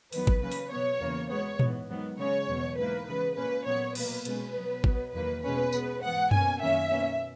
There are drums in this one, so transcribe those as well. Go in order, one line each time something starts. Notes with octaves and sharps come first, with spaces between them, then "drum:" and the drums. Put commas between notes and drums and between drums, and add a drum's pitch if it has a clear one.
E2 D#3 F#3 B3 B4, drum: open hi-hat
drum: kick
C#3 F#3 A#3 C#4 B4
drum: open hi-hat
B2 F#3 B3 C#5
E2 C#3 E3 A#3
B2 G#3 B3 C#5
G#2 E3 B3, drum: tom A#2
G#2 D#3 F#3 B3
C#3 G#3 C#4 C#5
E2 B2 F#3
G#2 E3 A#3 B4
C#3 E3 G#3 B3 B4
A#2 A#3 C#4 B4
A#2 F#3 B3 C#5
B2 F#3 A#3 B4, drum: cymbal
B2 G#3 C#4 B4, drum: hi-hat
B2 F#3 B3
B2 F#3 B3, drum: kick
E2 D#3 F#3 A#3 B4
B2 G#3 C#4 B4
B2 G#3 B3, drum: tambourine
G#2 E3 B3 F#5
B2 A#3 C#4 G#5, drum: tom F#2
F#2 D#3 A#3 C#4 E5
B2 A#3 C#4